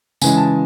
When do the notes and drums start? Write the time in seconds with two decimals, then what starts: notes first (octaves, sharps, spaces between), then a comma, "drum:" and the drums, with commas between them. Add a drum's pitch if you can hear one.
0.21 C#3 E3 G#3 G#5, drum: tambourine
0.37 A5